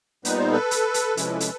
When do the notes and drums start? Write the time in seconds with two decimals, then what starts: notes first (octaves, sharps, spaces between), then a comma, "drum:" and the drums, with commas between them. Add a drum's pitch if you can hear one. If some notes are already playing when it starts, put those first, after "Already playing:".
0.25 A#2 G3 B3 D#4 B4, drum: hi-hat
0.38 C5
0.52 A4 B4
0.71 drum: hi-hat
0.94 drum: hi-hat
1.17 C3 F3 G#3 C#4 E4, drum: hi-hat
1.40 drum: hi-hat